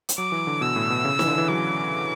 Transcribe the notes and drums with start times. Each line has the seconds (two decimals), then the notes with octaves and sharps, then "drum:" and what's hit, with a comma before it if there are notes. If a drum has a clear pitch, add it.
0.09 drum: hi-hat
0.18 F#3 D6
0.32 E3
0.47 D3
0.61 B2 E6
0.76 A2
0.90 B2
1.05 C#3
1.19 E3, drum: snare
1.27 D3
1.38 E3
1.48 F#3 D6